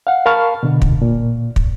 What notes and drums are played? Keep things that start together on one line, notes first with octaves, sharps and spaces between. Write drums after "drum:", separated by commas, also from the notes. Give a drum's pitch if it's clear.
F5 F#5
A#4 F5 A5 B5 C#6 F6
B2 D3
drum: kick
A#2
drum: kick